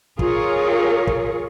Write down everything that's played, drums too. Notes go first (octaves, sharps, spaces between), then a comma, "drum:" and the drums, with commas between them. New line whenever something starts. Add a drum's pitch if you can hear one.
F4 G#4 A#4 C#5, drum: kick
drum: kick